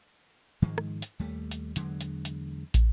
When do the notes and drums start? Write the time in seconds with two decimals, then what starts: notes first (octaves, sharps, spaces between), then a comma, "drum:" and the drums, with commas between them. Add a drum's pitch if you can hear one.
0.62 G#2 D#3 F3 G#3
0.78 drum: rim click
1.02 drum: hi-hat
1.19 D#2 G3 A3
1.51 drum: hi-hat
1.76 E2 D3 F#3 G#3, drum: hi-hat
2.01 drum: hi-hat
2.25 drum: hi-hat
2.74 drum: kick, hi-hat